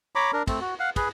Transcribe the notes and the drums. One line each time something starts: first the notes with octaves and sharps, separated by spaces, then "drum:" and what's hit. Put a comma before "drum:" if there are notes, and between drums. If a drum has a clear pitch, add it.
C#5 A#5 B5 D6
D4 A#4
A3 C4, drum: kick, cymbal
F#4
F5 F#5
G#4 B4, drum: kick, cymbal